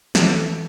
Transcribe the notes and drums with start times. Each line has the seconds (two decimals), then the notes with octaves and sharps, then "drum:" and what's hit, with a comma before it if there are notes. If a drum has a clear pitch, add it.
0.15 E3 A4, drum: snare